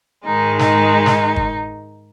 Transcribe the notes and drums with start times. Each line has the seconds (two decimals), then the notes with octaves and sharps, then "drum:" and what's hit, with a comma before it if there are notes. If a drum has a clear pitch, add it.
0.24 G#2 D#3 G#3 D#4
0.59 D#4, drum: snare
1.06 drum: snare
1.36 drum: kick